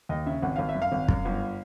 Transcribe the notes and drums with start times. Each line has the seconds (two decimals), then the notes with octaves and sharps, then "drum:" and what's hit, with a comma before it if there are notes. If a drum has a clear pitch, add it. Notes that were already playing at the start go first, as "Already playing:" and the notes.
0.09 D#2 D#5
0.26 C#3 E5
0.42 G#1 F#5
0.56 G#1 F5
0.69 E5
0.75 F#2
0.82 F5
0.92 G#1
1.08 F#2, drum: kick
1.25 G1